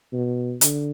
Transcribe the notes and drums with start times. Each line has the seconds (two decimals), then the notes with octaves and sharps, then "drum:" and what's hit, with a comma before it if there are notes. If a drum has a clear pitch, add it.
0.13 B2
0.61 D3, drum: hi-hat